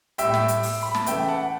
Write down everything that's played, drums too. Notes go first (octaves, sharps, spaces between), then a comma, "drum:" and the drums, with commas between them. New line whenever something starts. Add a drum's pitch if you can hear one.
A2 G3 E5 G5, drum: hi-hat
drum: snare
drum: hi-hat
drum: open hi-hat
B5
A5, drum: snare
C#3 E3 A3 E5 G5, drum: hi-hat
F#5 A5